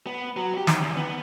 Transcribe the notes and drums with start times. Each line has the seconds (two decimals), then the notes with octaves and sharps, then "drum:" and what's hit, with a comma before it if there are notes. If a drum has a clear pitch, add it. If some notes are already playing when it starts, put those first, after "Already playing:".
0.06 B3
0.37 F#3
0.54 F#4 G4
0.67 D#4, drum: snare
0.82 E2
0.97 B3